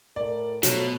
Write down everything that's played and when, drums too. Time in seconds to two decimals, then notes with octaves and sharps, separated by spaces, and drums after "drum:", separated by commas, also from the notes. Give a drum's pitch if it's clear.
0.16 A2 A#4 D5
0.63 B2 F3 F#3 A3, drum: hi-hat